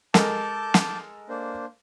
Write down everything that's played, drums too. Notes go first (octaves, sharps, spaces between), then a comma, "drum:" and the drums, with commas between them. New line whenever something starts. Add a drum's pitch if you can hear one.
G#3 A4 A#4 A5 D6 G6, drum: snare
drum: snare
A#3 D4 C5